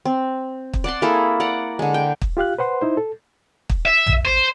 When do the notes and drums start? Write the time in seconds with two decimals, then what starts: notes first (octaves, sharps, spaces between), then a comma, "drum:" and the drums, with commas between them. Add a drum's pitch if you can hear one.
0.05 C4
0.73 drum: kick
0.84 D5 F#5 A5 C6
1.02 A#3 E4 G#4 A4
1.40 D5 F#5 A#5
1.79 D3 G#3
1.94 G5
2.21 drum: kick
2.37 F4 G4 F5 F#6
2.58 B4 C5 F#5 C6
2.81 D#4 E4 C5
2.97 A4
3.69 drum: kick
3.86 E5
4.06 drum: tom
4.25 C5